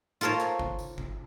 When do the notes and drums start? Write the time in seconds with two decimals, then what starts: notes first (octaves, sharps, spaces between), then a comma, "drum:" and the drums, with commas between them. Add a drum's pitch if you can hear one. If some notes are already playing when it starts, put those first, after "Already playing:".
0.21 F4 A4 A#4 C5 C#5
0.40 drum: clap
0.59 drum: kick G1
0.79 drum: tambourine
0.98 drum: kick G1